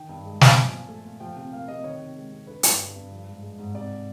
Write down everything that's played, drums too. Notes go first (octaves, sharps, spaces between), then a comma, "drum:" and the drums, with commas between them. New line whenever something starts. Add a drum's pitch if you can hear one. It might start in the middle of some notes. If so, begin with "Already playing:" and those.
Already playing: D#3 G5
G2
G#3
G2 A5, drum: snare
F3 G#5
A#2
A3
A#2
F3 G5
C3 G5
A#3 F5
C3 D#5
D#3 C#5
C3
G#3
C3
D3 B4
G2, drum: hi-hat
G3
G2
F3
G#2
G#3
G#2
C3 D5